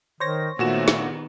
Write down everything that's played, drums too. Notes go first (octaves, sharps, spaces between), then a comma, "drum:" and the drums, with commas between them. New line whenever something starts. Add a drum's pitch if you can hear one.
D#3 C5 C#5 A#6
A#2 D#3 A3 B3 F#4 E7
drum: snare